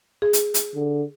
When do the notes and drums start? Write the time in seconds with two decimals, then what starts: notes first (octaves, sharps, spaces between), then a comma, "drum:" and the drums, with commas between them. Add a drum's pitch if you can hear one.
0.22 G#4
0.33 drum: hi-hat
0.54 drum: hi-hat
0.75 D3